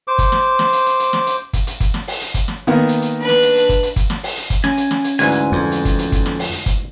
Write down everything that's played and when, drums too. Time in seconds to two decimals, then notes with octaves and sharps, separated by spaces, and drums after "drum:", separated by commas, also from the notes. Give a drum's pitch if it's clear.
0.08 C5 D6
0.19 drum: kick, hi-hat
0.32 drum: snare
0.59 drum: snare
0.73 drum: hi-hat
0.86 drum: hi-hat
0.99 drum: hi-hat
1.13 drum: snare
1.26 drum: hi-hat
1.53 drum: kick, hi-hat
1.67 drum: hi-hat
1.80 drum: kick, hi-hat
1.94 drum: snare
2.07 drum: open hi-hat
2.21 drum: hi-hat
2.34 drum: kick, hi-hat
2.48 drum: snare
2.67 D#3 A#3 B3
2.88 drum: hi-hat
3.02 drum: hi-hat
3.19 D4 B4
3.29 drum: snare
3.42 drum: hi-hat
3.56 drum: hi-hat
3.69 drum: kick, hi-hat
3.83 drum: hi-hat
3.96 drum: kick, hi-hat
4.10 drum: snare
4.23 drum: open hi-hat
4.37 drum: hi-hat
4.50 drum: kick, hi-hat
4.64 C#4 G#5, drum: snare
4.77 drum: hi-hat
4.91 drum: snare
5.04 drum: hi-hat
5.19 D2 G#2 E3 G#5, drum: hi-hat
5.31 drum: hi-hat
5.52 F2
5.72 drum: hi-hat
5.85 drum: kick, hi-hat
5.99 drum: hi-hat
6.12 drum: kick, hi-hat
6.26 drum: snare
6.39 drum: open hi-hat
6.53 drum: hi-hat
6.66 drum: kick, hi-hat